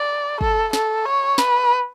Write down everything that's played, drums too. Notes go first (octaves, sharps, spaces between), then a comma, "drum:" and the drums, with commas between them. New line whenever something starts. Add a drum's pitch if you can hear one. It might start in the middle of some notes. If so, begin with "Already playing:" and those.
Already playing: D5
A4, drum: kick
A4, drum: snare
C#5
B4, drum: snare